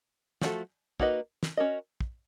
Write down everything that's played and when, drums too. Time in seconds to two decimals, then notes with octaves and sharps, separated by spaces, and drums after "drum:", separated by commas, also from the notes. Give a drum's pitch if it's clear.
0.42 F3 A3 D4 F#4 A4, drum: snare
1.00 A#3 D#4 F#4 B4 D#5, drum: kick
1.43 drum: snare
1.57 C#4 F#4 A#4 D#5
2.01 drum: kick